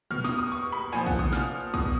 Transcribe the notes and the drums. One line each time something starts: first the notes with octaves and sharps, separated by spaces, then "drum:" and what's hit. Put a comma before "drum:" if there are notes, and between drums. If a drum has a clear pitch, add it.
B2 F6, drum: tom A#2
D#6, drum: snare
D#6
C#6
B5
A#2 F3 G#5
F#5, drum: kick A#1
D#6, drum: tom C3
F6, drum: snare
B2 D#6, drum: kick A#1